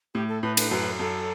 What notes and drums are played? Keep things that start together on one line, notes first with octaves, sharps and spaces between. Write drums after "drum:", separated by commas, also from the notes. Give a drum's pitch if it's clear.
A2 G4
A4
A2 B4
B4, drum: cymbal
F#2 B4
F#2 A4